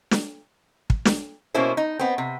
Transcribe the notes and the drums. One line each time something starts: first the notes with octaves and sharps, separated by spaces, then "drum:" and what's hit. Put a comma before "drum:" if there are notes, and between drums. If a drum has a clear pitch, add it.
drum: snare
drum: kick
drum: snare
B2 A#3 C#4 E4 C5
D#4
B3 C4
C3